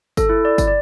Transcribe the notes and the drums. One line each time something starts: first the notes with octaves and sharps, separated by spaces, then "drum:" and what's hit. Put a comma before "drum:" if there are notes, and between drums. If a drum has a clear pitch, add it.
A4, drum: kick G1, tambourine
E4
D5
drum: kick G1, tambourine
D5